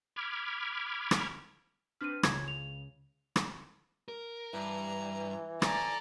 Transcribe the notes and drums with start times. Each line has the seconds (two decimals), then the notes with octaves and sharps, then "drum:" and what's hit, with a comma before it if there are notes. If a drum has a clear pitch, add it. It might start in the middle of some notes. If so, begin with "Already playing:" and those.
0.16 B5 D6 F6 G#6
1.11 drum: rim click
2.01 C4 D4 B4 F6 D#7
2.23 C#2 C#3 G#6, drum: rim click
2.48 F7
3.36 drum: rim click
4.08 A#4
4.53 G2 E3 A#5
5.62 A4 D5 G#5 A#5, drum: rim click